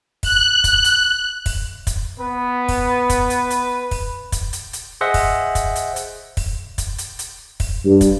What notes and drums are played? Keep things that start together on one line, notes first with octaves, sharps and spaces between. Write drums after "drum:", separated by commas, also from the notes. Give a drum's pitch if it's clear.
F#6, drum: kick, open hi-hat
drum: kick, hi-hat
drum: hi-hat
drum: kick, open hi-hat
drum: kick, hi-hat
B3 B4
drum: kick, open hi-hat
drum: kick, hi-hat
drum: hi-hat
drum: hi-hat
drum: kick, open hi-hat
drum: kick, hi-hat
drum: hi-hat
drum: hi-hat
G#4 C5 D#5 E5 F#5
drum: kick, open hi-hat
drum: kick, hi-hat
drum: hi-hat
drum: hi-hat
drum: kick, open hi-hat
drum: kick, hi-hat
drum: hi-hat
drum: hi-hat
drum: kick, open hi-hat
G2
drum: kick, hi-hat